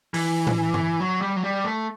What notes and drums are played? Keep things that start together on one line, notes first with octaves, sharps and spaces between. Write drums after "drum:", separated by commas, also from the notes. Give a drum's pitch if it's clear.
E3, drum: open hi-hat
drum: tom A2
drum: tom G2
F#3
G3
F#3
G3
A3